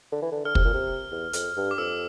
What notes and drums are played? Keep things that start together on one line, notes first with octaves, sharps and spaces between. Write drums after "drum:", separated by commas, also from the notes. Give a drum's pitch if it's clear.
D3
E3
D3
D3 F6
C3, drum: kick
A#2
C3
E2
F2, drum: hi-hat
G2
D6
F2 E6